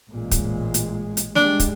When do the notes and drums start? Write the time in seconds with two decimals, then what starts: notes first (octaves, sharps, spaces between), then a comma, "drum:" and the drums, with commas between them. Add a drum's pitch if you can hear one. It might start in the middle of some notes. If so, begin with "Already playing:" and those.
0.10 A1 A#2 G#3
0.31 drum: kick, hi-hat
0.74 drum: hi-hat
1.17 drum: hi-hat
1.35 G3 G#3 D4, drum: snare
1.60 drum: kick, hi-hat